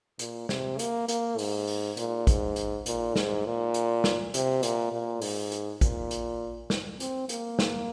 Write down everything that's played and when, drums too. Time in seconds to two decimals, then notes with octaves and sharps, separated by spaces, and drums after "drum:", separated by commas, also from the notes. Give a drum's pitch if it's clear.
0.19 A#2, drum: hi-hat
0.49 C3, drum: snare
0.79 A#3, drum: hi-hat
1.08 A#3, drum: hi-hat
1.38 G#2, drum: open hi-hat
1.67 drum: open hi-hat
1.97 A#2, drum: hi-hat
2.27 G#2, drum: kick A1, hi-hat
2.56 drum: hi-hat
2.86 A#2, drum: hi-hat
3.16 G#2, drum: snare
3.45 A#2
3.74 drum: hi-hat
4.04 drum: snare
4.34 C3, drum: hi-hat
4.63 A#2, drum: hi-hat
4.92 A#2
5.22 G#2, drum: open hi-hat
5.52 drum: hi-hat
5.81 A#2, drum: kick A1, hi-hat
6.11 drum: hi-hat
6.70 drum: snare
7.00 C4, drum: hi-hat
7.29 A#3, drum: hi-hat
7.59 drum: snare